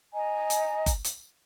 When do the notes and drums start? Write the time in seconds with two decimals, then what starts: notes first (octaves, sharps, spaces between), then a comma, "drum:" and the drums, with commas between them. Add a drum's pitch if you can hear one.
0.13 D#5 G#5 A#5
0.50 drum: hi-hat
0.86 drum: kick F#1, hi-hat
1.04 drum: hi-hat